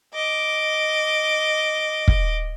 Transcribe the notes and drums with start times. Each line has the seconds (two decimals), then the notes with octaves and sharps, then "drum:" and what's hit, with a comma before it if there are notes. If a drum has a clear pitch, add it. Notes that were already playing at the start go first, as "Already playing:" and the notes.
0.14 D#5 D6
2.08 drum: kick